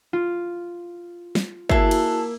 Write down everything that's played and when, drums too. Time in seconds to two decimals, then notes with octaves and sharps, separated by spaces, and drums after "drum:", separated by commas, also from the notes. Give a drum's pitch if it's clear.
0.13 F4
1.35 drum: snare
1.69 A#3 E4 F#4 G#4 A4 E5, drum: kick
1.91 drum: cymbal